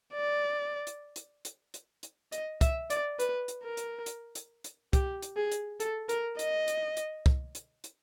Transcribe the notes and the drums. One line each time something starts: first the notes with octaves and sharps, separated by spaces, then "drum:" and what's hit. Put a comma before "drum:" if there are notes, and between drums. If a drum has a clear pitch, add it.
D5
drum: hi-hat
drum: hi-hat
drum: hi-hat
drum: hi-hat
drum: hi-hat
D#5, drum: hi-hat
E5, drum: kick, hi-hat
D5, drum: hi-hat
B4, drum: hi-hat
drum: hi-hat
A#4
drum: hi-hat
drum: hi-hat
drum: hi-hat
drum: hi-hat
G4, drum: kick, hi-hat
drum: hi-hat
G#4
drum: hi-hat
A4, drum: hi-hat
A#4, drum: hi-hat
D#5, drum: hi-hat
drum: hi-hat
drum: hi-hat
drum: kick
drum: hi-hat
drum: hi-hat